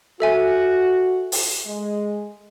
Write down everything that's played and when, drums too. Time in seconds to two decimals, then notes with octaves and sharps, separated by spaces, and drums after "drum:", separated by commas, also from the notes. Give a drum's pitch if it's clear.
0.20 F#4 A4 E5 G#5
1.32 drum: open hi-hat
1.66 G#3